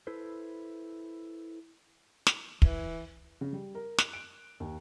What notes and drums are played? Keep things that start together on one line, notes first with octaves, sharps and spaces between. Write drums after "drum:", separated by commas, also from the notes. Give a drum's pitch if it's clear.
E4 A4 B4 C5
drum: snare
E3, drum: kick
C#3
G3
A#4
F#6, drum: snare
D7
D#2